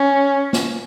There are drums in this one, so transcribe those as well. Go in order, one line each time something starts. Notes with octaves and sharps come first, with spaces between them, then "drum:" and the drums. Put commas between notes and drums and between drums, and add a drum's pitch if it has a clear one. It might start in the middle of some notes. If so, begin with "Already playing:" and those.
Already playing: C#4
drum: snare